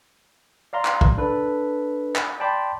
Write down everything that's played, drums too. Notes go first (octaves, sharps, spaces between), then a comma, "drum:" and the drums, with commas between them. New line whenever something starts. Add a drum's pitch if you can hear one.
D5 F5 A#5 C6
drum: clap
drum: kick
D4 A4 B4
drum: clap
D5 G5 A5 B5 C6 D6